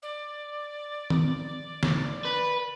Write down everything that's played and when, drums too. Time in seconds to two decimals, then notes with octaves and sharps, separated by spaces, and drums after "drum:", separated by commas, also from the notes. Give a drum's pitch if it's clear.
0.02 D5
1.10 drum: tom D#3
1.83 drum: snare
2.25 B4